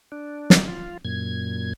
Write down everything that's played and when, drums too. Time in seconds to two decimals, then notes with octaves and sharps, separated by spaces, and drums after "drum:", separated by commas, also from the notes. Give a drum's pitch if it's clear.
0.12 D4
0.50 drum: snare
0.68 F4
1.05 F#2 A#2 G#6